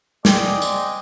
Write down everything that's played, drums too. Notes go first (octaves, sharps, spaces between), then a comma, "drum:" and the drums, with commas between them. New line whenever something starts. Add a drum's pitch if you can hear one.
G#3 C4 D5 D#5 G5, drum: snare
drum: tambourine